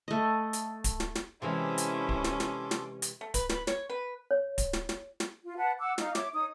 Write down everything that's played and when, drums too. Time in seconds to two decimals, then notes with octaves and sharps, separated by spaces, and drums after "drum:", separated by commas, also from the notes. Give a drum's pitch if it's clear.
0.08 A3 D#5
0.53 drum: hi-hat
0.84 drum: kick D1, hi-hat
1.00 drum: snare
1.15 drum: snare
1.42 C3 E3 G#3 C#4 E4 A4 C6 D6
1.78 drum: hi-hat
2.09 drum: kick D1
2.24 drum: snare
2.40 drum: snare
2.71 drum: snare
3.02 drum: hi-hat
3.21 A3
3.34 B4, drum: kick D1, hi-hat
3.49 B4, drum: snare
3.67 C#5, drum: snare
3.90 B4
4.31 C#5
4.58 drum: kick D1, hi-hat
4.73 drum: snare
4.89 drum: snare
5.20 drum: snare
5.44 F4
5.57 B4 F#5 A5
5.79 F#5 D6 E6
5.98 D#4 F5, drum: snare
6.15 C#5 E5 D6, drum: snare
6.33 D#4 C#5 D#6